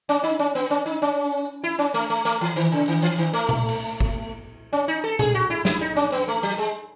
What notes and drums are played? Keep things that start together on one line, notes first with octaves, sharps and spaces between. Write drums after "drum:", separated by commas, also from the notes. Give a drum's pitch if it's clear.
C#4
D#4
C#4
B3
C#4
D#4
C#4
E4
C#4
A3
A3
A3, drum: hi-hat
E3
D#3
C#3
D#3
E3
D#3
A3
drum: tom A#2
drum: cymbal
drum: kick G#1
C#4
D#4
A4
G#4, drum: tom A#2
F#4
E4
E4, drum: snare
D#4
C#4
B3
A3
F#3
G#3